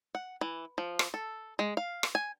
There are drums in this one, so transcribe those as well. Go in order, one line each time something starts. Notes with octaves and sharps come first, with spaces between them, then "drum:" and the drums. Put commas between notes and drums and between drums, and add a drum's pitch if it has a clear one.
F#5
E3
F3
drum: rim click
A4
G#3
F5
drum: rim click
G#5